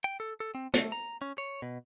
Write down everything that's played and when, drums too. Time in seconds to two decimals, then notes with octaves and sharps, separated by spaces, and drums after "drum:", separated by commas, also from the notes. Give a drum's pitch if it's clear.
0.04 G5
0.20 A4
0.40 A4
0.55 C4
0.74 A3, drum: hi-hat
0.92 A#5
1.22 C#4
1.38 C#5
1.62 B2